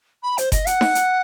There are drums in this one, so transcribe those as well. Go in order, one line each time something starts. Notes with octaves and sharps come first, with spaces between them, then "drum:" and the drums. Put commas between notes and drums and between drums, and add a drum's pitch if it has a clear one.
B5
C5, drum: hi-hat
D#5, drum: kick F#1, hi-hat
F#5, drum: hi-hat
drum: snare D#4
drum: hi-hat